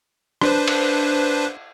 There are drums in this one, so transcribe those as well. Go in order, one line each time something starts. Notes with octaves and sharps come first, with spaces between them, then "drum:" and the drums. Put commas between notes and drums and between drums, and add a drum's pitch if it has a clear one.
D4 B4 C5, drum: rim click
drum: cymbal